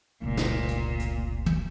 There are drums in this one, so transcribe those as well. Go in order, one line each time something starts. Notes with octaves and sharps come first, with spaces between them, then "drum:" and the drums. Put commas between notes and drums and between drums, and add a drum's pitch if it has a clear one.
F1 C#2 A#2
drum: snare
drum: hi-hat
drum: hi-hat
drum: tom